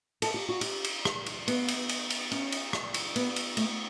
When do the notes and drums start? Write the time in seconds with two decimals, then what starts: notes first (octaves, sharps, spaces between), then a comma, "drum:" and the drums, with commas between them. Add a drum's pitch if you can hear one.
0.22 A4, drum: cymbal
0.34 G4
0.49 F#4
0.61 G4, drum: cymbal
0.84 drum: cymbal
1.05 drum: rim click
1.26 drum: cymbal
1.48 B3, drum: cymbal
1.68 drum: cymbal
1.89 drum: cymbal
2.10 drum: cymbal
2.32 C#4, drum: cymbal
2.52 drum: cymbal
2.73 drum: rim click
2.94 drum: cymbal
3.16 B3, drum: cymbal
3.36 drum: cymbal
3.57 A3, drum: cymbal